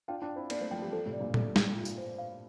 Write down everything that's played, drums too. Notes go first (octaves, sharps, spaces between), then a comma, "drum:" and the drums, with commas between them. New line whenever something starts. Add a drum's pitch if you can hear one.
D4 F4 G5
D4 F4
G5
C4 E4
A#3 D4 D5, drum: cymbal
A3 C4
F3 A3 G5
E3 G3
F3 A3 A4
A2 C3
D5
G2 A#2
A2 A4, drum: tom A#2
G5, drum: snare
F4
drum: tambourine
C5
F5